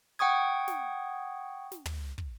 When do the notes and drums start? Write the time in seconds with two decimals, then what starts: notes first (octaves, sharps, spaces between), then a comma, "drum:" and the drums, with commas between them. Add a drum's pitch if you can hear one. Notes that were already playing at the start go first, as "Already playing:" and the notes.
0.19 F#5 G5 C#6 D#6 G#6
0.68 drum: snare
1.72 drum: snare
1.86 drum: tom
2.18 drum: kick